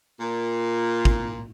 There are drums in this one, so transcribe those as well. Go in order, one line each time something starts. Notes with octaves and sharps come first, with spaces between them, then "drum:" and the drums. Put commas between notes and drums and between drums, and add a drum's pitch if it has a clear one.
A#2
drum: kick